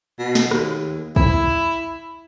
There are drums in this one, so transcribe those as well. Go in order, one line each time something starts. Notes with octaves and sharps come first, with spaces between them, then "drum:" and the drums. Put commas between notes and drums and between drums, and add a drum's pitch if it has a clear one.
B2
drum: snare
D#2, drum: rim click
E4, drum: kick